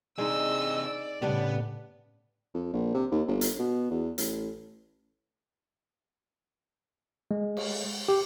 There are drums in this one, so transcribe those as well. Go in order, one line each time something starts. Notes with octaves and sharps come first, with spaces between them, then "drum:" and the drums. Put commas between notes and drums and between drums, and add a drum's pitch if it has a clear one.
C3 G#3 D4 D#4 D#5 E6
D5
A2 C#3 G3 B3 D4 G4
F2
A#1
C3
D#2
G1
drum: hi-hat
B2
E2
A1, drum: hi-hat
G#3
drum: cymbal
G4